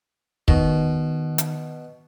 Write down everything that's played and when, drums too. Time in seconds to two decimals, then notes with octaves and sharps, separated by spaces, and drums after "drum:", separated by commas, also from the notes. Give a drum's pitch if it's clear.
0.48 B2 D#3, drum: kick
1.38 drum: hi-hat